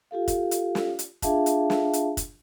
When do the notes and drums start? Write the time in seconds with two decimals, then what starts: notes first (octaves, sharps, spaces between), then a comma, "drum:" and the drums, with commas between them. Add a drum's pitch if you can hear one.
0.11 F4 G4 A4 F5
0.28 drum: kick, hi-hat
0.51 drum: hi-hat
0.75 drum: snare
0.99 drum: hi-hat
1.22 D4 F4 G#4 E5 F5 A5, drum: kick, hi-hat
1.46 drum: hi-hat
1.70 drum: snare
1.93 drum: hi-hat
2.17 drum: kick, hi-hat